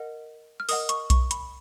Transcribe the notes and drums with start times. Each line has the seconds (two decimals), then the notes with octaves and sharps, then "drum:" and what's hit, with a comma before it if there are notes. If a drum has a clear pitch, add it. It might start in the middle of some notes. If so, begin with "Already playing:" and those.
Already playing: A#4 D#5 F#5
0.60 F6
0.69 A#4 D#5 F#5 D#6, drum: open hi-hat
0.89 C#6, drum: hi-hat
1.10 C#6, drum: kick B1, hi-hat
1.31 B5, drum: hi-hat